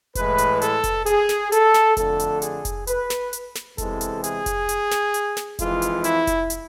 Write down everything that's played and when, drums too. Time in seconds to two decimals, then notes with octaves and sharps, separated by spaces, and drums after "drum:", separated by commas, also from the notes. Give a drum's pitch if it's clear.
0.15 A2 E3 G#3 B4, drum: kick F1, hi-hat
0.38 drum: hi-hat
0.62 A4, drum: hi-hat
0.84 drum: kick F1, hi-hat
1.06 G#4, drum: hi-hat
1.29 drum: snare
1.52 A4, drum: hi-hat
1.74 drum: snare
1.97 F2 D3 A3 A4, drum: kick F1, hi-hat
2.19 drum: hi-hat
2.42 G#4, drum: hi-hat
2.65 drum: kick F1, hi-hat
2.87 B4, drum: hi-hat
3.10 drum: snare
3.33 drum: hi-hat
3.55 drum: snare
3.78 E2 C3 E3 G#3 A4, drum: kick F1, hi-hat
4.01 drum: hi-hat
4.24 G#4, drum: hi-hat
4.46 drum: kick F1, hi-hat
4.69 drum: hi-hat
4.91 drum: snare
5.14 drum: hi-hat
5.37 drum: snare
5.59 F2 E3 G#3 F4, drum: kick F1, hi-hat
5.82 drum: hi-hat
6.04 E4, drum: hi-hat
6.27 drum: kick F1, hi-hat
6.50 drum: hi-hat